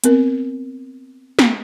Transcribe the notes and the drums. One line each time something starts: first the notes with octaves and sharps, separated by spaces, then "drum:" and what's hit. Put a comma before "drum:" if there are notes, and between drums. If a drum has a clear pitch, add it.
B3 C4 A#4, drum: hi-hat
drum: snare